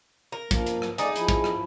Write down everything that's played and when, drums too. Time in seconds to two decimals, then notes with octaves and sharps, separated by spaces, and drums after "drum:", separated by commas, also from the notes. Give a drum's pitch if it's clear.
0.32 A#4
0.51 F3 A#3, drum: kick, hi-hat
0.66 drum: hi-hat
0.82 drum: rim click
0.98 A3 D#4 G#4 D5, drum: hi-hat
1.16 F3 E4, drum: hi-hat
1.29 drum: kick, hi-hat
1.44 drum: rim click